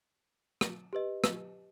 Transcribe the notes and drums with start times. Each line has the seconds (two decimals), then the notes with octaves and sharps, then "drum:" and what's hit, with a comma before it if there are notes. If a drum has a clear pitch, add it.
0.61 drum: rim click
0.93 G4 B4 D#5
1.24 drum: rim click